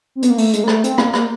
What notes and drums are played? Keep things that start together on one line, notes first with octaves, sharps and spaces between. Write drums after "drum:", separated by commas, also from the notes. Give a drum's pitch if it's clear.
C4
B3, drum: hi-hat
A#3
A3, drum: open hi-hat
G#3, drum: hi-hat
A#3
A3, drum: rim click
C4, drum: hi-hat
A#3, drum: rim click
A#3, drum: rim click